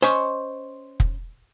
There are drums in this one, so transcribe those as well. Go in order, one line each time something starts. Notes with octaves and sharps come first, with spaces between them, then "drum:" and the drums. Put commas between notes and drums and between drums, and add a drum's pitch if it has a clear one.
C#4 C5 D#5 C#6, drum: hi-hat
drum: kick